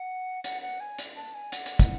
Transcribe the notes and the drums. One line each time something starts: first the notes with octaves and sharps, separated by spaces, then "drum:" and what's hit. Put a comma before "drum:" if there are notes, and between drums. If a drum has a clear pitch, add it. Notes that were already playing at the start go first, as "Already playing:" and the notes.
Already playing: F#5
F#5, drum: hi-hat
F#5
G#5
drum: hi-hat
A5
G#5
F#5, drum: hi-hat
drum: hi-hat
drum: kick, hi-hat